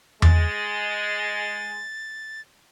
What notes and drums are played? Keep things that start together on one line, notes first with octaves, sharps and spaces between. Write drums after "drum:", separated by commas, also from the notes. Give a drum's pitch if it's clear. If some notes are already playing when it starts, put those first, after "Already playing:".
G#3 A6, drum: tom E2